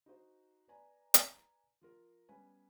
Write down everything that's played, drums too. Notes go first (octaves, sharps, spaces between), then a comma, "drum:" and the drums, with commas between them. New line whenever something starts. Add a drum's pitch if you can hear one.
D#4 F#4 C5
B4 D5 G#5 A#5
drum: hi-hat
F3 F4 A#4
G3 B3 C#4 B4 G#5